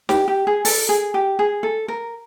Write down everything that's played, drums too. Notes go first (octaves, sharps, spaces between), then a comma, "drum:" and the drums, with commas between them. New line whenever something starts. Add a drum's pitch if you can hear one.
G4, drum: snare
G4
G#4
A4, drum: open hi-hat
G#4
G4
G#4
A4
A#4